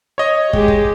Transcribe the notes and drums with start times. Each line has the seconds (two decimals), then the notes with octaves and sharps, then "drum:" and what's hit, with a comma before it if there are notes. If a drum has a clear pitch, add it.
0.18 C#5 D#5
0.53 G#3 G4, drum: kick
0.68 drum: kick